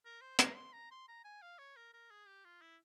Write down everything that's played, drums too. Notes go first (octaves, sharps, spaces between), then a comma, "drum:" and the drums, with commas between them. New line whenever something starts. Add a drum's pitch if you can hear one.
A#4
C5
A#5, drum: hi-hat
C6
A#5
C6
A#5
G#5
F5
C#5
A#4
A#4
G#4
G4
F4
E4